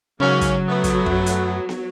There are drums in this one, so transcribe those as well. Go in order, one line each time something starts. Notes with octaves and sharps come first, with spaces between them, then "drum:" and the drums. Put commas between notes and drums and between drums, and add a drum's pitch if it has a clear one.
G#2 C#3 F#3 A#3 C#4
drum: kick, hi-hat
A3 B3
drum: kick, hi-hat
F#2, drum: kick
drum: hi-hat
drum: snare